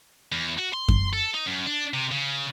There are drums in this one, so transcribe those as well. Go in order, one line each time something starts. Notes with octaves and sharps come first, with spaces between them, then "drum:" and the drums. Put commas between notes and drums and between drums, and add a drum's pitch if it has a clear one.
E2
F#4
C6
drum: kick F#2
A4
D#4
F#2
D4
C3
C#3